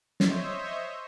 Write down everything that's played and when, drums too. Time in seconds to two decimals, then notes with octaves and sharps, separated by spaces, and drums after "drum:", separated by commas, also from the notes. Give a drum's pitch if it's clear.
0.20 C5 C#5 D#5 E5, drum: snare